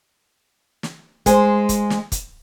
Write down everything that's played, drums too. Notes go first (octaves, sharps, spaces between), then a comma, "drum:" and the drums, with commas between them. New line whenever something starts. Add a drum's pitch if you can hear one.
drum: snare
G#3 G#4 C5, drum: kick, hi-hat
drum: kick, hi-hat
drum: snare
drum: kick, hi-hat